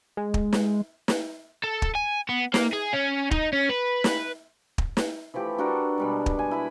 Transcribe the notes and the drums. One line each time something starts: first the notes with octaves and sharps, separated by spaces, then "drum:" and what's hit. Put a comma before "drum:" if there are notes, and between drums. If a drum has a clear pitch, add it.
G#3
drum: kick
drum: snare
drum: snare
A4
drum: kick
G#5
B3
A#3, drum: snare
G#4
C#4
D#4, drum: kick
C#4
B4
drum: snare
drum: kick
drum: snare
E3 F3 A3 G4
D4 F#4 A4 A#4
B2 G3 G#3
drum: kick
G#5
E4 B5